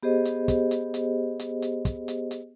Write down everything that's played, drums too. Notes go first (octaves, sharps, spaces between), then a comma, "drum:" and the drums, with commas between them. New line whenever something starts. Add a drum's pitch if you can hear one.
B3 G4 G#4 C5 D#5
drum: hi-hat
drum: kick, hi-hat
drum: hi-hat
drum: hi-hat
drum: hi-hat
drum: hi-hat
drum: kick, hi-hat
drum: hi-hat
drum: hi-hat